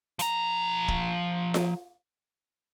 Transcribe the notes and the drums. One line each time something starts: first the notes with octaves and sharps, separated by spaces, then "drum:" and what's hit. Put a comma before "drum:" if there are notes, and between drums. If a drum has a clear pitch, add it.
F3 A#5, drum: hi-hat
drum: kick
drum: snare F4